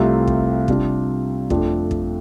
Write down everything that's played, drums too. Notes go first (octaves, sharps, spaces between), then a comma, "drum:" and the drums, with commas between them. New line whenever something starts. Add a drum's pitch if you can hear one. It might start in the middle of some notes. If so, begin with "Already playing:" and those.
Already playing: C2 C3 A3 C4 F4
drum: kick
C3 G3 D4 F4, drum: kick
F2 F3 A3 D4, drum: kick
drum: kick